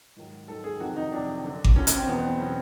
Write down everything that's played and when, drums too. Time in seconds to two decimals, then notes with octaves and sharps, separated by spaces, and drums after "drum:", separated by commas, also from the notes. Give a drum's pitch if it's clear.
0.16 G#2 D#3 F#3
0.48 G#2 D#3 F#3 A4
0.64 G#4
0.80 F2 C3 D#3 F#3 F#4
0.96 D#4
1.12 F2 C3 D#3 F#3 D4
1.44 F#2 D3 F#3
1.64 drum: kick G#1
1.76 F#2 D3 F#3 C#4
1.87 C#4, drum: hi-hat
1.97 C4
2.07 E2 B2 F#3 B3
2.18 C4
2.39 B2 F#3 C#4